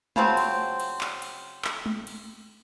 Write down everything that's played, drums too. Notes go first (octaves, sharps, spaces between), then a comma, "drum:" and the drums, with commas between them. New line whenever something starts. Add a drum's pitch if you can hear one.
C#3 F3 F#3 C4, drum: tom G#3
drum: cymbal
drum: cymbal
drum: clap
drum: cymbal
drum: clap
drum: tom G#3
drum: cymbal